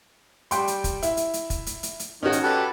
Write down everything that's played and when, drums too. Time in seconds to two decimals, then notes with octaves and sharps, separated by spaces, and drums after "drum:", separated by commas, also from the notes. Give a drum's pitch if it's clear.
0.51 G3 G5 C6, drum: hi-hat
0.68 drum: hi-hat
0.84 drum: kick, hi-hat
1.03 E4, drum: hi-hat
1.17 drum: hi-hat
1.33 drum: hi-hat
1.50 drum: kick, hi-hat
1.66 drum: hi-hat
1.83 drum: hi-hat
1.99 drum: hi-hat
2.23 D#3 C#4 F#4
2.32 drum: hi-hat
2.44 G4 A4 B4